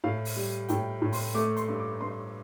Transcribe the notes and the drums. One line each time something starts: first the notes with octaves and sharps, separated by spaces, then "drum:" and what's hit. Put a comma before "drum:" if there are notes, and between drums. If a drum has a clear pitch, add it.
A2 F5
drum: open hi-hat
G3
A2 G5, drum: hi-hat
A2
C6, drum: open hi-hat
A3 D6
C6, drum: hi-hat
G2
D6
G2 C6